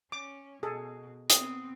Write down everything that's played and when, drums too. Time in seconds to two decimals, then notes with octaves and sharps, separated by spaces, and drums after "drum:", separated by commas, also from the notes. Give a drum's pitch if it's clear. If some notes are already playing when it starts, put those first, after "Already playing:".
0.12 C#4 D6
0.63 B2 G#4 A4
1.30 B3 C4 D#6, drum: hi-hat